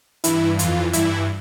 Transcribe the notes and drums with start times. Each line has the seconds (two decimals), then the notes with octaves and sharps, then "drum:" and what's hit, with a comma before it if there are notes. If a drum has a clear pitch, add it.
0.24 G2 E3 E4, drum: hi-hat
0.59 F2 E3 F4, drum: hi-hat
0.93 G2 E3 E4, drum: hi-hat